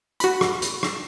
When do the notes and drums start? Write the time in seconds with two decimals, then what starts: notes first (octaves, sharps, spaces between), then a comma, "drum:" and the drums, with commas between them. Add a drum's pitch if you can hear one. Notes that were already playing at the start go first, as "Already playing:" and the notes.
0.20 F#4 B5, drum: hi-hat
0.41 drum: rim click
0.62 drum: hi-hat
0.83 drum: rim click